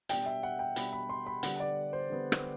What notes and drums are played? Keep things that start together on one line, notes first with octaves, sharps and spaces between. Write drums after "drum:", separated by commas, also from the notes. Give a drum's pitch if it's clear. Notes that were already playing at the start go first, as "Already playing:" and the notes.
B2 G3 D4 G5, drum: hi-hat
E5
F#5
G5
B2 G3 D4 B5, drum: hi-hat
B5
C6
B5
D3 G3 B3 F#5, drum: hi-hat
D5
C5
D3 G3 B3
drum: rim click